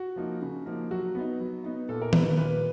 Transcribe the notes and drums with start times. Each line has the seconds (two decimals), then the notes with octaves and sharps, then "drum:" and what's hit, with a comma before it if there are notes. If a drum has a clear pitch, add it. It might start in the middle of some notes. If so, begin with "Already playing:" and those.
Already playing: F#4
0.16 F3 A#3 D#4
0.42 C#3
0.66 F3 A#3 D#4
0.91 F#3 F#4
1.15 B3 D#4
1.40 F#3
1.64 B3 D#4
1.88 A#2 A4
2.02 A#4
2.13 G3 C4 D#4 B4, drum: tom D#3
2.37 A#2 B4